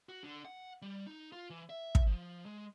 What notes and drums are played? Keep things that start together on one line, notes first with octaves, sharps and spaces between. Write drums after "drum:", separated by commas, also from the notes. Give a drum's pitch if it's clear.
F#4
D3
F#5
G3
D#4
F4
E3
E5
drum: kick
F3
G#3